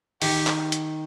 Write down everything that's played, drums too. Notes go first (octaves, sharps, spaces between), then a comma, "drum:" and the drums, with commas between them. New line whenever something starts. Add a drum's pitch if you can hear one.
D#3 G4, drum: open hi-hat
drum: clap
drum: hi-hat